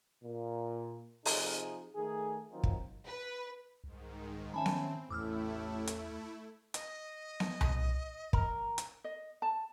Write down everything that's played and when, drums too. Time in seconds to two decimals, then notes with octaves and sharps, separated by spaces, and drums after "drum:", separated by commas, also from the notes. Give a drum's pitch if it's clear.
0.24 A#2
1.25 C3 F3 D#4 G#4, drum: open hi-hat
1.96 D#3 A3 G#4
2.52 D#3 F#3 C4 D#4 F4
2.63 drum: kick
3.05 B4
3.84 C2 G#2 D#3
4.54 D#3 C4 C#4 E5 G#5 A5 B5
4.66 drum: snare B3
5.10 A1 E2 A2 A3 E4 D6 E6 F6
5.87 drum: hi-hat
6.74 D#5, drum: hi-hat
7.40 drum: snare B3
7.61 drum: tom C2
8.33 A#4, drum: kick
8.78 drum: hi-hat
9.04 D#5
9.42 A5